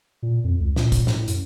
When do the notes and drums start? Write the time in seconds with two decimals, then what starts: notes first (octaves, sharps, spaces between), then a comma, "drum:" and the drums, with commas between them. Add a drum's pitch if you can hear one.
0.23 A#2
0.44 F2
0.60 C#2
0.76 A#2, drum: snare
0.92 drum: kick, hi-hat
1.07 A2, drum: snare
1.28 F#2, drum: hi-hat